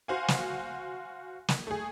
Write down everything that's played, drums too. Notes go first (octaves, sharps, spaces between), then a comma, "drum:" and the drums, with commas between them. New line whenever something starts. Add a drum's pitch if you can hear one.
F#4 C5 F5 F#5 G#5
drum: snare
drum: snare
A3 G#4